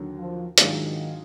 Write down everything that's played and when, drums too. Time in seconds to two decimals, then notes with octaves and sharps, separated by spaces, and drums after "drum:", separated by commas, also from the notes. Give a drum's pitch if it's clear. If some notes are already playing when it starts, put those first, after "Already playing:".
Already playing: D#2 D3 F#3
0.18 F3
0.58 G#2 D#3 F#3 D4 F4 G#4, drum: hi-hat